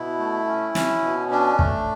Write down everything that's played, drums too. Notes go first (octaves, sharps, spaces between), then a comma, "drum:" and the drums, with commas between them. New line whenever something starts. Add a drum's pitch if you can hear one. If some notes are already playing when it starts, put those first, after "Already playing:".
Already playing: B2 E4
A3
C#4
C#4, drum: snare
B2
C#4 D4
A3, drum: kick